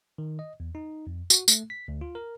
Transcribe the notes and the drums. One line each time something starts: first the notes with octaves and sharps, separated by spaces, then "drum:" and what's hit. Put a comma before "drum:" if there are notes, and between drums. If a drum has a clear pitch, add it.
D#3
D#5
E2
D#4
F2
F#4, drum: tambourine
A3, drum: tambourine
B6
D2
F4
A#4